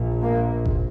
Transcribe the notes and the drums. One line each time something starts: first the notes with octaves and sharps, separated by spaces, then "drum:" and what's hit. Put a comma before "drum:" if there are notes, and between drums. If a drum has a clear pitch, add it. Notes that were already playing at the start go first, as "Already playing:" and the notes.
Already playing: A#1 A#2
A#3
drum: kick F#1